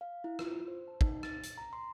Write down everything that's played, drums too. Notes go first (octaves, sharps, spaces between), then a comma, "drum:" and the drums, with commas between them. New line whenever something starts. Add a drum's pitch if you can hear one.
F5
E4
F4, drum: rim click
C5
A5
D#4, drum: kick
A6, drum: rim click
drum: hi-hat
A#5
C6